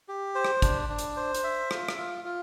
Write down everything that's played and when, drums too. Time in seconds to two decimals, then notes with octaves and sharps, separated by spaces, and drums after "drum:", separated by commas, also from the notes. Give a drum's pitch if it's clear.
0.08 G4
0.35 C5
0.45 drum: rim click
0.62 D4, drum: kick, hi-hat
0.89 D4
0.99 drum: hi-hat
1.17 C5
1.34 drum: hi-hat
1.44 E5
1.71 F4, drum: rim click
1.88 drum: rim click
1.98 F4
2.25 F4